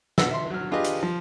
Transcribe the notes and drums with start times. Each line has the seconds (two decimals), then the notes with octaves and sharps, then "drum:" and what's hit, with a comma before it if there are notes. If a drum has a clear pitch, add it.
0.18 B2 B4 F#5 E6, drum: snare
0.31 E5 C6
0.50 F#3 F6
0.71 D4 F4 G4 G#4 B4 D#5
0.85 drum: hi-hat
1.03 F3